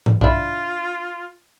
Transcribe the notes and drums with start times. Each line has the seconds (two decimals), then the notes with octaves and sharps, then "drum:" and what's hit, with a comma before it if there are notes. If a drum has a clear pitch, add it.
0.06 drum: tom G#2
0.21 D4 E4 F4, drum: kick B1